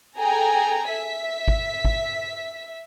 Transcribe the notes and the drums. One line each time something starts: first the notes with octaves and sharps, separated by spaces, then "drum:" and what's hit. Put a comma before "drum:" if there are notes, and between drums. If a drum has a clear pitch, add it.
G#4 A4 G5 G#5 A#5
E5 B6
drum: kick G#1
drum: kick G#1